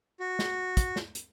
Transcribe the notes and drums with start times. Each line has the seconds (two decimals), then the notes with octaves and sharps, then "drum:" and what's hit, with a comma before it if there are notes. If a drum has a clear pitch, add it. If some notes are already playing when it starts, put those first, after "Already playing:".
0.20 F#4
0.39 drum: snare
0.77 drum: kick, hi-hat
0.96 drum: snare
1.15 drum: hi-hat